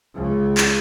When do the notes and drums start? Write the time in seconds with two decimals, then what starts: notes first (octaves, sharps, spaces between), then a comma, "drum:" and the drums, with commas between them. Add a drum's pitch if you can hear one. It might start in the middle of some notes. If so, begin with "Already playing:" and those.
0.14 C#2 C#3
0.57 drum: clap